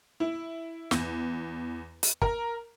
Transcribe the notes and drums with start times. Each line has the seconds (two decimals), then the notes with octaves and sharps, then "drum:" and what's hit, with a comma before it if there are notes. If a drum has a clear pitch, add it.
0.20 E4
0.91 E2, drum: snare
2.03 drum: hi-hat
2.22 A#4, drum: kick